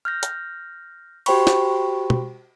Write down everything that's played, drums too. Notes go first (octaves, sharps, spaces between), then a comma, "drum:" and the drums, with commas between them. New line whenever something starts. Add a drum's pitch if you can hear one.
F6 G6 A#6
drum: hi-hat
F#4 G4 C5 G5 B5 C#6, drum: cymbal
drum: snare
drum: tom